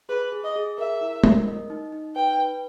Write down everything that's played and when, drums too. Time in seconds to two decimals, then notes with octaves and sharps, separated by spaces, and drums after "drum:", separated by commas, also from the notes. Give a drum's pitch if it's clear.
0.09 G#4 B4
0.32 G#4
0.44 D#5
0.56 G#4
0.78 A#4 E5
1.01 E4
1.24 A#4, drum: tom G#3
1.48 D#5
1.70 D#4
1.92 D#4
2.15 B4 G5
2.39 B4